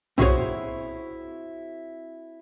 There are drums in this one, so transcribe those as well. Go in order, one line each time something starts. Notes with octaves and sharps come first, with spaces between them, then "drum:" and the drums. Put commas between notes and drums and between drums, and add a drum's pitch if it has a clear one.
C4 E4 F#4 G#4 C5 C#5, drum: tom B1